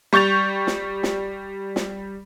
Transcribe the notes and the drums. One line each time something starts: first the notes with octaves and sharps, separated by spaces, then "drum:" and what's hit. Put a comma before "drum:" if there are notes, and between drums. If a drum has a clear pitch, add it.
G3 C#6 G6 A6 F7
drum: snare
drum: snare
drum: snare